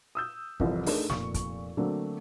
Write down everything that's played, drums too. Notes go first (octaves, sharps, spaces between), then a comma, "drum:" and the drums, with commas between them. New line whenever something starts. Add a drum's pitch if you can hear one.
D#6 E6 G6
C2 F2 E3 F3, drum: kick
A3 D4 D#4 G#4 A#4, drum: open hi-hat
F1 A#2 C#6, drum: snare
drum: kick, hi-hat
D3 F#3 A3 A#3 C4 D4